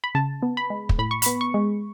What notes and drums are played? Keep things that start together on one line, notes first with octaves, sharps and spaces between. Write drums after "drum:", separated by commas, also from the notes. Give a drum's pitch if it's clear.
B5
C#3 A5
B3
B5
G#3
drum: kick
A2 B5
C#6
B5, drum: hi-hat
B3
C#6
G#3